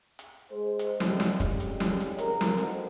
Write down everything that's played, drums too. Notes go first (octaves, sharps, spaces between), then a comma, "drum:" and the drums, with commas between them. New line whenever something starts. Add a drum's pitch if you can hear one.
drum: hi-hat
G#3 C5
drum: hi-hat
C#2 G3 A3 C#4 D#4, drum: snare
drum: snare
F2 G3 G#3 C#4, drum: kick, hi-hat
drum: hi-hat
drum: snare
drum: hi-hat
B1 C#3 A#4, drum: hi-hat
drum: snare
F#3 C4 D#4 F#4 A4, drum: hi-hat